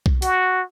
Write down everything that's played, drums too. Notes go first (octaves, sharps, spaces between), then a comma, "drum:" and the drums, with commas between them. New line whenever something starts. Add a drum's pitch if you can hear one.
drum: kick B1
F#4, drum: hi-hat